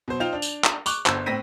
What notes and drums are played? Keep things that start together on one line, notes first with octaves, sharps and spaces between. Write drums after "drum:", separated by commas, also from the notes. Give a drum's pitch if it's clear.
B2 F#3 C5
D#4 F4 C5 G5 F7
D4
drum: tambourine
drum: clap
C#6 D6 F#6, drum: tambourine
G1 C5 E6, drum: clap
A2 C4 A#6 B6 D#7